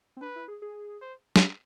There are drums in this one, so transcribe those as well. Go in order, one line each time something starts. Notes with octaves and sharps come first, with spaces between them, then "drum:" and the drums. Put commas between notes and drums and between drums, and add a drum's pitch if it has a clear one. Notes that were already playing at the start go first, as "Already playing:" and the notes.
C4
D4 B4
E4
G#4
G#4
C5
drum: snare